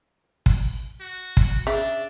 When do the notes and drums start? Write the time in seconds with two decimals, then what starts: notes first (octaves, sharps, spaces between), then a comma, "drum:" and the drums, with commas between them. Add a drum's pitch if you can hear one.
0.46 drum: kick
1.00 F#4
1.37 drum: kick
1.67 C#3 D4 E5